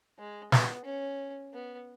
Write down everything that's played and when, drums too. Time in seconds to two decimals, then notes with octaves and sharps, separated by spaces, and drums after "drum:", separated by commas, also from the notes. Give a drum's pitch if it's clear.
0.18 G#3
0.52 B3, drum: snare
0.85 C#4
1.53 B3